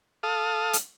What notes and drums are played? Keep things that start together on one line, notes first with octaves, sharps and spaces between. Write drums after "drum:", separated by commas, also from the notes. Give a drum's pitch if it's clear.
A4 F5 D#6
drum: hi-hat